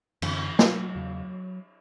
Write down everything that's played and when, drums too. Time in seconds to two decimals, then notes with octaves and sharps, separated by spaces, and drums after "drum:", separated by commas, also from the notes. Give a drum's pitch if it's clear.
0.22 F#2 D3 E3, drum: cymbal
0.59 F#3, drum: snare
0.95 E2 C#3